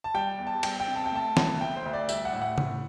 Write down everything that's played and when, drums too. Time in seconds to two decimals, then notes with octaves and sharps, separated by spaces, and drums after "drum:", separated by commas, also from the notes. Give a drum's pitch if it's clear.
0.04 A5
0.14 G3 G5
0.38 E2
0.47 A5
0.63 G3 G5, drum: cymbal
0.80 G5
0.88 C3
0.96 A5
1.05 G5
1.12 A3 A5
1.37 D2, drum: snare
1.61 A3 G5
1.76 C5
1.86 D2
1.93 D5
2.09 G3 E5, drum: tambourine
2.25 F#5
2.33 A2
2.42 F#5
2.58 A2, drum: tom C#3